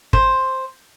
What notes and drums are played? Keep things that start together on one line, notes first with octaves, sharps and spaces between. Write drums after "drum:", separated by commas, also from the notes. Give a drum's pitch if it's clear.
C5, drum: kick